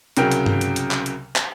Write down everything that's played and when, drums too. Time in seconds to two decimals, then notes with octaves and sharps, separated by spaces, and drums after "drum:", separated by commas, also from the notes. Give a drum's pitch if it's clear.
0.17 C2 C#3 F#3 A#4 G5 F6, drum: hi-hat
0.31 drum: hi-hat
0.46 drum: tom G2
0.61 drum: hi-hat
0.76 drum: hi-hat
0.91 drum: clap
1.06 drum: hi-hat
1.36 drum: clap